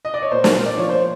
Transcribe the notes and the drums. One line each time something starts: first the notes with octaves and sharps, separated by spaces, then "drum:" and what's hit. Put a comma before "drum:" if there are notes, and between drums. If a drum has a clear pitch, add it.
D#5
D5
C#5
A#2 C5
drum: snare
A#2
D5
F3 C#5
C5